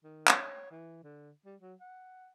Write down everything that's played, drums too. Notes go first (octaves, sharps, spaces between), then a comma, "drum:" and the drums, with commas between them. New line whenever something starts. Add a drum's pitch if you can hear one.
D#3
C#5, drum: clap
E3
D3
G3
F#3
F#5